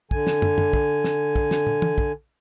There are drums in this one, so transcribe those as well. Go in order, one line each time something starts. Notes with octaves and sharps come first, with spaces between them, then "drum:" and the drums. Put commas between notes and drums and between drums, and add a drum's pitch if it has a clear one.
D3 G#5, drum: kick
drum: snare
drum: tom
drum: tom
drum: kick
drum: snare
drum: kick
drum: snare
drum: tom
drum: tom
drum: kick